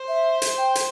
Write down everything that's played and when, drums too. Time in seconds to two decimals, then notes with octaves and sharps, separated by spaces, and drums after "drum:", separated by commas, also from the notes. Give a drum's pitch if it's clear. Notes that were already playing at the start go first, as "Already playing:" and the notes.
Already playing: C5
0.08 E5
0.42 drum: hi-hat
0.58 G5
0.75 drum: hi-hat